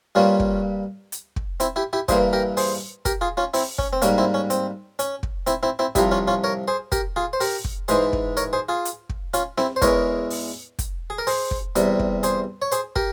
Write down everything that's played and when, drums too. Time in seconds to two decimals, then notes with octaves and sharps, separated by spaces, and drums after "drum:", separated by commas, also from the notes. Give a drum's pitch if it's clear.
0.15 G2 G3 A#3 C#4 F4
0.40 drum: kick
1.12 drum: hi-hat
1.36 drum: kick
1.60 C4 E4, drum: hi-hat
1.76 E4 G4
1.93 E4 G4
2.08 G2 E3 A#3 G#4 C5, drum: kick, hi-hat
2.33 G4 A#4
2.57 G#4 C5, drum: open hi-hat
3.05 G4 A#4, drum: kick, hi-hat
3.21 F4 G#4
3.37 C#4 F4
3.54 C4 E4, drum: open hi-hat
3.78 C#4, drum: kick
3.93 C4
4.02 G#2 G3 A#3 C#4, drum: hi-hat
4.18 C4 E4
4.34 C#4
4.50 C4, drum: hi-hat
4.99 C#4, drum: hi-hat
5.23 drum: kick
5.47 C4 E4, drum: hi-hat
5.63 C4 E4
5.79 C4 E4
5.95 C2 C3 F3 E4 G4, drum: kick, hi-hat
6.11 C#4 F4
6.28 C#4 F4
6.44 A#4 C#5
6.68 G#4 C5
6.92 G4 A#4, drum: kick, hi-hat
7.16 F4 G#4
7.33 C5
7.40 G4 A#4, drum: open hi-hat
7.64 drum: kick
7.88 G#2 E3 G#3 G#4 C5, drum: hi-hat
8.13 drum: kick
8.37 A#4 C#5, drum: hi-hat
8.53 G#4 C5
8.69 F4 G#4
8.85 drum: hi-hat
9.09 drum: kick
9.34 C#4 F4, drum: hi-hat
9.58 C4 E4, drum: snare C4
9.76 C5
9.82 E2 E3 G#3 A#4 C#5, drum: kick, hi-hat
10.30 drum: open hi-hat
10.79 drum: kick, hi-hat
11.10 G#4
11.18 A#4
11.27 G#4 C5, drum: open hi-hat
11.51 drum: kick
11.76 E2 C3 G3, drum: hi-hat
11.99 drum: kick
12.23 G#4 C5, drum: hi-hat
12.62 C#5
12.72 G#4 C5, drum: hi-hat
12.96 G4 A#4, drum: kick